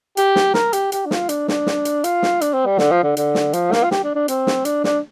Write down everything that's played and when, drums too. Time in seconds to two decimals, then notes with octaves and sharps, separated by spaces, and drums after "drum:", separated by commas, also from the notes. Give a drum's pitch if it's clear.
0.17 G4, drum: hi-hat
0.36 drum: snare
0.54 A#4, drum: snare
0.73 G4, drum: hi-hat
0.92 G4, drum: hi-hat
1.06 D4
1.11 F4, drum: snare
1.29 D4, drum: hi-hat
1.48 D4, drum: snare
1.66 drum: snare
1.85 drum: hi-hat
2.04 F4, drum: hi-hat
2.23 drum: snare
2.41 D4, drum: hi-hat
2.53 C4
2.66 G3
2.78 D3, drum: snare
2.91 F3
3.03 D3
3.17 D3, drum: hi-hat
3.35 drum: snare
3.53 F3, drum: hi-hat
3.72 A#3, drum: snare
3.83 F4
3.91 G4, drum: snare
4.04 D4
4.15 D4
4.28 C4, drum: hi-hat
4.47 drum: snare
4.65 D4, drum: hi-hat
4.84 D4, drum: snare